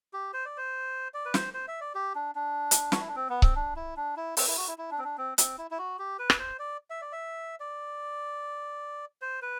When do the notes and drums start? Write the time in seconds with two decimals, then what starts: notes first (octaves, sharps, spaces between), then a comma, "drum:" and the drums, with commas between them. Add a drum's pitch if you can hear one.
0.13 G4
0.33 C5
0.46 D5
0.57 C5
1.14 D5
1.25 B4
1.34 C5, drum: snare
1.54 C5
1.68 E5
1.81 D5
1.95 G4
2.15 D4
2.35 D4
2.71 drum: hi-hat
2.92 F#4, drum: snare
3.00 E4
3.08 D4
3.16 C4
3.30 B3
3.42 C4, drum: kick C#1
3.56 D4
3.76 E4
3.97 D4
4.17 E4
4.37 C4, drum: open hi-hat
4.47 E4
4.57 F#4
4.68 E4
4.78 E4
4.91 D4
4.98 C4
5.04 D4
5.18 C4
5.38 C4, drum: hi-hat
5.58 E4
5.71 E4
5.79 F#4
5.99 G4
6.19 B4
6.30 drum: rim click
6.39 C5
6.59 D5
6.90 E5
7.01 D5
7.12 E5
7.60 D5
9.22 C5
9.42 B4